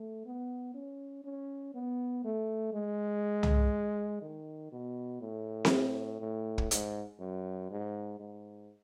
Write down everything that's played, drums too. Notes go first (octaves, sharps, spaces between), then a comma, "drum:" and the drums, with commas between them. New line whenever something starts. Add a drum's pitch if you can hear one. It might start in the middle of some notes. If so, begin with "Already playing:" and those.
Already playing: A3
B3
C#4
C#4
B3
A3
G#3
drum: tom
D#3
B2
A2
drum: snare C4
A2
drum: kick
G#2, drum: hi-hat
F#2
G#2
G#2